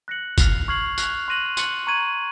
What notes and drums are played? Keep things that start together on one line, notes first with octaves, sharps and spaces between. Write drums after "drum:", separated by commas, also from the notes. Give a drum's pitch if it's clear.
F#6 A#6 C#7 F#7
F6 C7 F7, drum: kick, tambourine
C#6 F6 G#6 C7 F#7
F#6 C7 F7, drum: tambourine
C6 F#6 A#6 D#7 F#7
C6 F#6 C#7 F#7, drum: tambourine
A#5 C#6 G#6 D#7 F#7